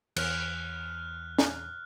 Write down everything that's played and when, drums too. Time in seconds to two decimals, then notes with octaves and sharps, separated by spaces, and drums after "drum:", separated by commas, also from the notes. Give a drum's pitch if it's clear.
0.16 E2 F6 F#6, drum: cymbal
1.39 drum: snare